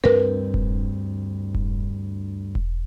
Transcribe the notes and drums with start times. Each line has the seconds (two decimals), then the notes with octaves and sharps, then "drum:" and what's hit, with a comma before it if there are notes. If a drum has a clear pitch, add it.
0.04 D2 G2 C4 A#4 B4
0.54 drum: kick E1
1.55 drum: kick E1
2.55 drum: kick E1